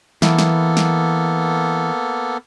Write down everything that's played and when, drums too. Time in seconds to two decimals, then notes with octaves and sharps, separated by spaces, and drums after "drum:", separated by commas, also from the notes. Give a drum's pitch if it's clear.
0.22 E3 A#3 B3 A4, drum: snare
0.38 drum: snare
0.77 drum: snare